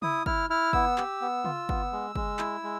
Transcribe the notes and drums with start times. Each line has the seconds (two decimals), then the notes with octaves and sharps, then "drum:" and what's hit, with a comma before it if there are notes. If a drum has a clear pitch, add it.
0.02 E4 D#6, drum: tom C#3
0.26 E4 F6, drum: kick
0.50 E4 F6
0.73 B3 E6, drum: kick
0.98 G4, drum: clap
1.21 B3
1.45 F4, drum: tom C#3
1.69 B3, drum: kick
1.92 G#3
2.15 G#3, drum: kick
2.39 E4, drum: clap
2.63 G#3